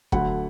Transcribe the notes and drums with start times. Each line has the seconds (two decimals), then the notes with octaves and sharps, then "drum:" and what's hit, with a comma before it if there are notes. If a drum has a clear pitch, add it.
0.12 D2 D3 F#3 F#5 B5, drum: kick